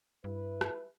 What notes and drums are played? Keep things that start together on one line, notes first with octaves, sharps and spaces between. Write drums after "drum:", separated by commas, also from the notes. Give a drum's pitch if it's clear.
G2 E4 B4
drum: rim click